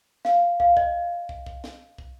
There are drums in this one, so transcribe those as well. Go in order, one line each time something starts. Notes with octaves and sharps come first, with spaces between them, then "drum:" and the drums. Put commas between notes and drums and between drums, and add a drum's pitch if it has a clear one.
F5, drum: snare
F5, drum: kick
D#5, drum: kick
drum: kick
drum: kick
drum: snare
drum: kick